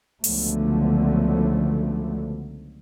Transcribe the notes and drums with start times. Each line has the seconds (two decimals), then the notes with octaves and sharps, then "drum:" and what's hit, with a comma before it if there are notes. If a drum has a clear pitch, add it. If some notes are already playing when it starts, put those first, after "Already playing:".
0.24 C#2 D3 F3 F#3 A3 B3, drum: open hi-hat